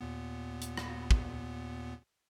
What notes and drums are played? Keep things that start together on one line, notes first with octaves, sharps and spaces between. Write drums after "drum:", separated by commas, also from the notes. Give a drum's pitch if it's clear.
D#2 A#2 B3
drum: hi-hat
drum: rim click
drum: kick